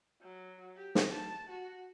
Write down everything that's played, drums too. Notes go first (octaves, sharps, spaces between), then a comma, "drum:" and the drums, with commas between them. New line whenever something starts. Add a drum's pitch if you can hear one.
F#3
G4
drum: snare
A5
F#4